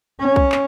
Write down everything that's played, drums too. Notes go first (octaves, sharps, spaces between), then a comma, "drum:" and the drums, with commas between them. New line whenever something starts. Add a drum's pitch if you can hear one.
C#4
drum: kick B1
drum: clap